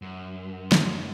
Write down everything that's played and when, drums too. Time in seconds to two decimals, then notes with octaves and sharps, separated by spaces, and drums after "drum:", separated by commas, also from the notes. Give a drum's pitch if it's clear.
0.02 F#2
0.72 drum: snare